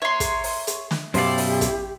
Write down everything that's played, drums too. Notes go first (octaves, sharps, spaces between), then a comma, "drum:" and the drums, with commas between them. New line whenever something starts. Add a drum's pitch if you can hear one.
C#5 E5 A#5 C6
drum: kick, hi-hat
drum: open hi-hat
drum: hi-hat
drum: snare
F#2 B2 E4 G4 C5 D5 F5, drum: open hi-hat
drum: open hi-hat
drum: kick, hi-hat